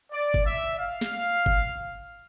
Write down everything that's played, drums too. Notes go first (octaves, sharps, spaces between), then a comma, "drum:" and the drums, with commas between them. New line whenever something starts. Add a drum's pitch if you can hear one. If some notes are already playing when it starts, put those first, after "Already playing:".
D5
drum: kick G1
E5
F5
drum: snare
drum: kick G1